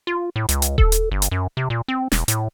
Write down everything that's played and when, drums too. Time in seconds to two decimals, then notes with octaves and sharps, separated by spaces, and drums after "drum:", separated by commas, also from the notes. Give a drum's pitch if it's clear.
0.07 F4
0.36 A2
0.49 C#2, drum: hi-hat
0.62 drum: hi-hat
0.78 A4, drum: kick D#1
0.92 drum: hi-hat
1.12 G1
1.22 drum: hi-hat
1.31 F#2
1.57 C3
1.70 A#2
1.88 C4
2.12 E1, drum: snare
2.28 A2, drum: hi-hat